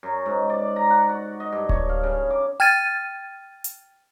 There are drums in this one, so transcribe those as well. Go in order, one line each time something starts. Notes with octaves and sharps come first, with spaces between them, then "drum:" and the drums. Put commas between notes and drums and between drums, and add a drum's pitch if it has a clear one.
F#2
G#2
D5
A#5
F#5
F#4
D#5
G2
C#5, drum: kick D1
F5
C#3
D6
G5 F6 G#6 A6 D#7
drum: hi-hat